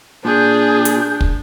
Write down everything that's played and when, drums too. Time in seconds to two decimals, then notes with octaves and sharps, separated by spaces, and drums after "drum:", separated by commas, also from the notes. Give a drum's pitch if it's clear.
0.25 A#2 D4 G#4 G6
0.85 drum: hi-hat
1.21 drum: kick